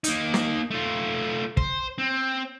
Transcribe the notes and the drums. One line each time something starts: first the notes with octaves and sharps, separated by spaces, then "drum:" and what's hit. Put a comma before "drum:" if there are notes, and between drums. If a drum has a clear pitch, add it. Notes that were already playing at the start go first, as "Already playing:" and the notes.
A#3 D#4, drum: hi-hat
drum: snare
A3 F4
C5, drum: kick
C4